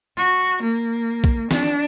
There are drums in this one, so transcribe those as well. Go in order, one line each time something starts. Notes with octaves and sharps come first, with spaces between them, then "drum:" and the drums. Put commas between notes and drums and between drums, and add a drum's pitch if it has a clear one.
F#4
A#3
drum: kick
D4, drum: snare